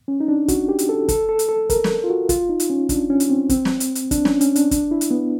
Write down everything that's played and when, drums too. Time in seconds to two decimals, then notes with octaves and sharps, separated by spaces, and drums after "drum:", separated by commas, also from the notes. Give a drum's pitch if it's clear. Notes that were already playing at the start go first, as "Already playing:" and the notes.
0.08 C#4
0.20 D#4
0.28 D4
0.48 F#4, drum: kick, hi-hat
0.69 G4
0.79 drum: hi-hat
0.89 A4
1.09 A4, drum: kick, hi-hat
1.29 A4
1.39 drum: hi-hat
1.49 A4
1.70 A#4, drum: kick, hi-hat
1.84 drum: snare
2.04 F4
2.10 F#4
2.29 F4, drum: kick, hi-hat
2.49 D#4
2.60 drum: hi-hat
2.70 C#4
2.89 D4, drum: kick, hi-hat
3.10 C#4
3.20 drum: hi-hat
3.30 C4
3.49 C4, drum: kick, hi-hat
3.65 drum: snare
3.80 drum: hi-hat
3.95 drum: hi-hat
4.11 D4, drum: kick, hi-hat
4.25 C#4, drum: snare
4.41 C#4, drum: hi-hat
4.56 D4, drum: hi-hat
4.71 D4, drum: kick, hi-hat
4.91 E4
5.01 drum: hi-hat
5.11 B3